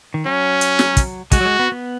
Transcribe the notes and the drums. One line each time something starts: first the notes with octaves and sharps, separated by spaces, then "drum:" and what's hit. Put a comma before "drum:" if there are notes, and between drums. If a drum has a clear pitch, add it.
D#3
F#3 C#4
drum: hi-hat
drum: snare
drum: kick, hi-hat
G#3 F#4, drum: kick, hi-hat
F#3
G#3
B3
B3